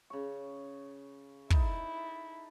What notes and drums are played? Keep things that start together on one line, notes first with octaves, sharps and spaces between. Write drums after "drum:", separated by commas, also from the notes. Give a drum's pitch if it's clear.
C#3 C#6
D#4 E4 A4, drum: kick